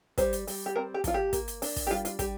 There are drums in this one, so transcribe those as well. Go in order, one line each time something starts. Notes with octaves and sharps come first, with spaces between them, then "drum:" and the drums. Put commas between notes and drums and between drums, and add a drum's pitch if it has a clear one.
G3 C5, drum: kick, hi-hat
drum: hi-hat
G3, drum: open hi-hat
G4
C4 A#4
G4
F3 F4, drum: kick, hi-hat
G4
A#3, drum: kick, hi-hat
drum: hi-hat
D4, drum: open hi-hat
drum: kick, open hi-hat
G4
G3 F4
F4, drum: hi-hat
G3 G4, drum: kick, hi-hat